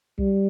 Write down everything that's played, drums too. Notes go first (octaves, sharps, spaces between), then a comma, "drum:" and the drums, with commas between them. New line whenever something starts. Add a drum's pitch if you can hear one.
G3, drum: kick B1